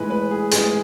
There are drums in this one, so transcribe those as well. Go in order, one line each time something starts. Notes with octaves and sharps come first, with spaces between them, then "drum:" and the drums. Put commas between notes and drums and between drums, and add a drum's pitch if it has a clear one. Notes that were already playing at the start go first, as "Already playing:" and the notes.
Already playing: A2 E3 G#3 B4
B4
G#4
A2 E3 G#3 G#4, drum: hi-hat